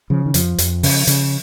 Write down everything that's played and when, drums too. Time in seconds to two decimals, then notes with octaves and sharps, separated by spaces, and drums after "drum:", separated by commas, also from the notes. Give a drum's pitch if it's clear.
0.10 C#3 F3
0.26 D#3
0.34 F2 F3, drum: hi-hat
0.58 F2, drum: hi-hat
0.83 C#3, drum: open hi-hat
1.07 C#3, drum: hi-hat